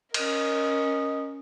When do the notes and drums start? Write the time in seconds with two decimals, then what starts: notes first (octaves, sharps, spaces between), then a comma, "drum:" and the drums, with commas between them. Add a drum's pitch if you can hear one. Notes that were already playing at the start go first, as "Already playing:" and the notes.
0.14 C#4 A#4 D#5, drum: cymbal